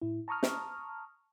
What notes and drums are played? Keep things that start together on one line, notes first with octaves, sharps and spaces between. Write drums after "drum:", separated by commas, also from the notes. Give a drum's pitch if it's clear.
A2 E4
A5 A#5 C#6 D#6 F6
drum: snare